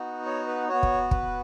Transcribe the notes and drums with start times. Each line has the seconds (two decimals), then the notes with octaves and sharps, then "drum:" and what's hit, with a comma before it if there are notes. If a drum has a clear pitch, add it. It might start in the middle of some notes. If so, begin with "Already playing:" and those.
Already playing: B3 D#4 F#4
0.26 C#5
0.47 B4
0.69 B3 F#4 C#5
0.83 drum: kick
1.11 B4, drum: kick